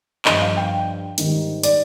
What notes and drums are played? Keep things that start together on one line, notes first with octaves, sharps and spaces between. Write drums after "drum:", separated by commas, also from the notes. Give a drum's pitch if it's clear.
G2 F3 D#5, drum: clap
F5
G5
G#2 D#3 G3, drum: hi-hat
D5, drum: hi-hat